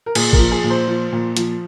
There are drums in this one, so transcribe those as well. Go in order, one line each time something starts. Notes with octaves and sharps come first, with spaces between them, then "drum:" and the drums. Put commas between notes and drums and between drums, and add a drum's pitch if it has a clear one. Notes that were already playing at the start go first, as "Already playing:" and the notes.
A#4
A#2 G#4, drum: cymbal
A#4, drum: kick
F3
G#4
A#2
C5
F3
A#2
F3, drum: hi-hat